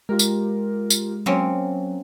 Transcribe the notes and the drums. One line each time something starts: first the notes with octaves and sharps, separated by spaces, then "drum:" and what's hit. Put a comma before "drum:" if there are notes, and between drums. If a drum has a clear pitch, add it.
G#3 F4 G4 A#4
drum: tambourine
drum: tambourine
F#3 A#3 C4 C#4